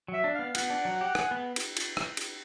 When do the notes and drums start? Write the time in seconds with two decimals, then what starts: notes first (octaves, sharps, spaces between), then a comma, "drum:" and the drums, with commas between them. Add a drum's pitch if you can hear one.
0.08 F#3
0.14 E5
0.24 D4
0.35 B3 F5
0.55 B3 F#5, drum: cymbal
0.70 D4
0.85 F#3
1.01 G4
1.15 G#4, drum: rim click
1.31 B3
1.56 drum: cymbal
1.77 drum: cymbal
1.97 drum: rim click
2.17 drum: cymbal